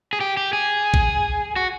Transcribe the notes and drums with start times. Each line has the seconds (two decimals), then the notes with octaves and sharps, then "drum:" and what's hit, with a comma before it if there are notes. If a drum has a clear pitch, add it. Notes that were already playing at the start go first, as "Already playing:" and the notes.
0.13 G#4
0.20 G4
0.37 G4
0.53 G#4
0.94 drum: kick
1.56 F#4